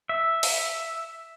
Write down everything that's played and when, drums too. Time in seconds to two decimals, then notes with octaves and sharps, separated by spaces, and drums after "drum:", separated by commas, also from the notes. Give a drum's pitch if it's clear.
0.09 E5
0.43 drum: open hi-hat